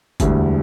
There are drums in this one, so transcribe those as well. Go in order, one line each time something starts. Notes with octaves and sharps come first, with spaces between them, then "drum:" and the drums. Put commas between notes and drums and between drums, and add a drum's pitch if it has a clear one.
E1 D2 D3 G3, drum: kick G1, hi-hat